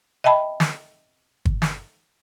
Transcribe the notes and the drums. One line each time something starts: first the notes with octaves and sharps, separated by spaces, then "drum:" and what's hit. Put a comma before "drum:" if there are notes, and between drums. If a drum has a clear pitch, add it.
D#5 E5 G5 A5 B5
drum: snare
drum: kick
drum: snare